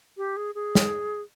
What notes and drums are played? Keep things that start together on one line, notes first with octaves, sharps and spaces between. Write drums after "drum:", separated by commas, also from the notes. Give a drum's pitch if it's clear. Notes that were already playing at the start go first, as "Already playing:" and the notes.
G4
G#4
G#4
drum: snare